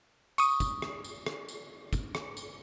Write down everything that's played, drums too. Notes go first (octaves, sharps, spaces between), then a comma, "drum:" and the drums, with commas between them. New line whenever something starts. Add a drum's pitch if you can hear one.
C#6 D#6, drum: tambourine
drum: kick, tambourine
drum: rim click
drum: tambourine
drum: rim click
drum: tambourine
drum: kick, tambourine
drum: rim click
drum: tambourine